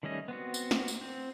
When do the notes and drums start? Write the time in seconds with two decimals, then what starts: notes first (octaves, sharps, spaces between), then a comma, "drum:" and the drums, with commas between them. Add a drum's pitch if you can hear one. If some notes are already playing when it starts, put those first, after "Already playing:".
0.03 D#3 G3 A3 C#4 D#5
0.28 B3 C4 F#4
0.54 drum: tambourine
0.71 drum: snare
0.88 drum: tambourine
1.01 C4